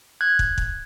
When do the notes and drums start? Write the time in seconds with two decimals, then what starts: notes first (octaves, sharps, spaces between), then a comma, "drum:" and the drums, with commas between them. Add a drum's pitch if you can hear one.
0.21 F#6 G#6
0.39 drum: kick
0.58 drum: kick